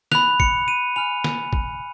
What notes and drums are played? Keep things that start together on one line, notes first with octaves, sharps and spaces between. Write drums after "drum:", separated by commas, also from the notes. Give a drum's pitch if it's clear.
B5 F#6 F7, drum: snare
C#7, drum: kick
D#7
G#5 B5 F6 F7
drum: snare
drum: kick